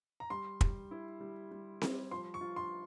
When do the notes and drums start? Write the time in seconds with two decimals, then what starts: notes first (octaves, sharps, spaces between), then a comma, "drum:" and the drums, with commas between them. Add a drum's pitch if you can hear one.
0.20 A#5
0.30 G3 C6
0.61 G3, drum: kick
0.91 E4
1.21 G3
1.51 G3
1.81 G3, drum: snare C4
2.11 F3 C6
2.34 C#6
2.41 F4
2.56 C6